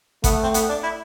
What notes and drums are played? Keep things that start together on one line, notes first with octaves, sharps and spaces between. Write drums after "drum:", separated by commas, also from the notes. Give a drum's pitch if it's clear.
A3 B3, drum: kick G#1, hi-hat
C4
B3, drum: hi-hat
D4
E4